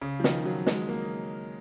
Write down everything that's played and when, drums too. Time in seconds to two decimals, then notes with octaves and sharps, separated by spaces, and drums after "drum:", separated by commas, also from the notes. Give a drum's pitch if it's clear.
0.02 C#3
0.20 F3
0.24 D#3, drum: snare
0.45 F#3
0.67 G#3, drum: snare
0.89 A#3